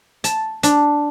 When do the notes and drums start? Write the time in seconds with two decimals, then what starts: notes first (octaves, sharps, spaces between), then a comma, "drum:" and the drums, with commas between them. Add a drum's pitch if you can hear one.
0.24 A5, drum: hi-hat
0.63 D4, drum: hi-hat